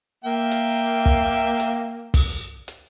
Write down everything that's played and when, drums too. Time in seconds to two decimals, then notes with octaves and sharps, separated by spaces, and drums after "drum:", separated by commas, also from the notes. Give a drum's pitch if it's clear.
0.24 A#3 E5 G5
0.51 drum: hi-hat
1.06 drum: kick
1.60 drum: hi-hat
2.14 drum: kick, open hi-hat
2.68 drum: hi-hat